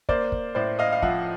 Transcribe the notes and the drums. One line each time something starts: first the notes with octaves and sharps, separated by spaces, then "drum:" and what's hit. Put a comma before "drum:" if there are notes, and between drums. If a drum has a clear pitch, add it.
A#3 C5 D5, drum: kick
drum: kick
A2 C5 D5
D#5 F5
F5
F3 E5 F#5, drum: kick